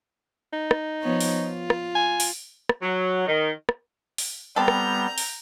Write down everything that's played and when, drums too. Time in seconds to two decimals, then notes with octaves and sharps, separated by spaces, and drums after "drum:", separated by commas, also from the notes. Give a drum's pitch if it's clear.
0.53 D#4
0.71 drum: rim click
1.02 F3 B3 C#5
1.20 drum: open hi-hat
1.42 F4
1.70 drum: rim click
1.95 G#5
2.20 drum: open hi-hat
2.69 drum: rim click
2.82 F#3
3.27 D#3
3.69 drum: rim click
4.18 drum: open hi-hat
4.56 G3 B3 C4 A4 A#5 G6
4.68 drum: rim click
5.18 drum: open hi-hat